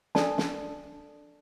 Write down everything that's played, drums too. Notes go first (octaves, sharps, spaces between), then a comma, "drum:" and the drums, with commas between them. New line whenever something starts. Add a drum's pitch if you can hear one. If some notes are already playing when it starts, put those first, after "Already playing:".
D4 A4 D5 A5, drum: snare
drum: snare